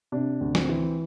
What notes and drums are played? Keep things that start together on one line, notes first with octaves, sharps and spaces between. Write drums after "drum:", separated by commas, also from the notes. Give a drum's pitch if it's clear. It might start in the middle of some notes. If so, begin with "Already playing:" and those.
C3 D4
D2
C4, drum: snare
E3